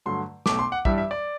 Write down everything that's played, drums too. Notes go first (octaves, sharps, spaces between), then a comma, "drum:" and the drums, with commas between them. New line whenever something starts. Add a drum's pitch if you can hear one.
G2 D3 F#3 A3 C6
B1 B2 A3 D6, drum: snare
C6
F#5
G2 E3 G3 D4 E5, drum: kick
E5
D5